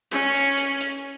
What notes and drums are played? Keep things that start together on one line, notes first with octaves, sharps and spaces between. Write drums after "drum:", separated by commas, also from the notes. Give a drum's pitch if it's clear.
C#4, drum: hi-hat
drum: hi-hat
drum: hi-hat
drum: hi-hat